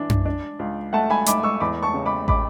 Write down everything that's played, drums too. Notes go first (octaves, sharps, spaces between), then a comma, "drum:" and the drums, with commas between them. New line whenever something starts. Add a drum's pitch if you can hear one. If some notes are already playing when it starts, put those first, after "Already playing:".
Already playing: E3 D4
drum: tom F#2
D4
C#2
A3 F#5 A5
G#5 B5
A3 B5 D6, drum: hi-hat
C#6 E6
E2 B5 D6
A5 C#6
C#3
B5 D6
B5 D6, drum: kick